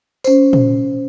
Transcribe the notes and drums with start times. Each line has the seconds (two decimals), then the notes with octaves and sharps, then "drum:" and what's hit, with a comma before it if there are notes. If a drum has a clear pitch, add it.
0.24 C#4 C5, drum: tambourine
0.53 drum: tom A#2